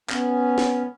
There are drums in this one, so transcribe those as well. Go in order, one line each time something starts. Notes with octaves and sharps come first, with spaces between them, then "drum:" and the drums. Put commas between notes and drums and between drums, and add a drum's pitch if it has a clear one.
B3 C#4, drum: clap
drum: snare